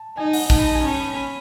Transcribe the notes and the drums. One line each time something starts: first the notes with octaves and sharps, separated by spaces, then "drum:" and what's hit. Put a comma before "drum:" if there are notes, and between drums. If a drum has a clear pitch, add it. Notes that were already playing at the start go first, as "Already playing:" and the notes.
Already playing: A5
D#4 G#5
F#5, drum: open hi-hat
D#4 A5, drum: kick
B5
A5
G#5
C#4 A5
B5
B5